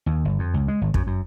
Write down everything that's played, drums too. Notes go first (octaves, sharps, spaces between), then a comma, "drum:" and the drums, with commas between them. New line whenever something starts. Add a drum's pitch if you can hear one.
D#2
G1
F2
C#2
G#3
G#1
F#2, drum: kick
F#2